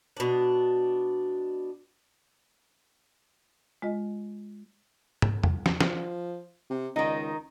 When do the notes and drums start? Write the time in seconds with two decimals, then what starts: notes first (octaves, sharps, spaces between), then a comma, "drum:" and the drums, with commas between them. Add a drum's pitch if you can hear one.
0.17 B2 D4
3.82 G#3 F4 D#5
5.22 drum: tom
5.44 drum: tom
5.66 drum: snare
5.81 F3, drum: snare
6.70 C3
6.96 C#2 D#3 D#4